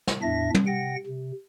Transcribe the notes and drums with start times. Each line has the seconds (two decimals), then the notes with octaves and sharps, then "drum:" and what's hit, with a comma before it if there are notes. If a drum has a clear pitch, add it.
0.08 drum: snare
0.22 E2 A2 D4 E5 A#6
0.54 drum: tom
0.67 C3 F#5 G5 A#6
1.06 C3